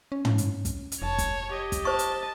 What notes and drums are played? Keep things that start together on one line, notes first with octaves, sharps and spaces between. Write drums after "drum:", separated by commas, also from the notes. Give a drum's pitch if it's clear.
C#4
drum: tom
drum: hi-hat
drum: kick, hi-hat
drum: hi-hat
F1 C#5 A5
drum: kick, hi-hat
G4 D#5
drum: kick, hi-hat
C5 A5 C#6
drum: hi-hat